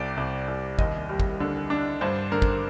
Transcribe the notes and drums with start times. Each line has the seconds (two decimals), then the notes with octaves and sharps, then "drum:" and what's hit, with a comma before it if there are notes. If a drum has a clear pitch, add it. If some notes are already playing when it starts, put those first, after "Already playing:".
Already playing: C2 C3 D5
0.17 C2
0.48 C2
0.79 D#2 D#5, drum: kick
1.09 G3
1.20 drum: kick
1.40 D3
1.70 D4
2.01 G2 C5
2.32 D3 A#4
2.42 drum: kick